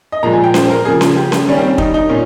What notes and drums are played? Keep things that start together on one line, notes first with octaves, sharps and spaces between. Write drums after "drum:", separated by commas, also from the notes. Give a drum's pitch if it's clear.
D#5
A#2 F3 G#3 A#5
G#5
G5
C5, drum: snare C#4
A#4
C#3 F3 A#3 G#4
drum: snare C#4
G4
drum: snare C#4
D#3 G3 A#3 C#4
C4
C#4
D#4, drum: kick
D#4
A#2 C#4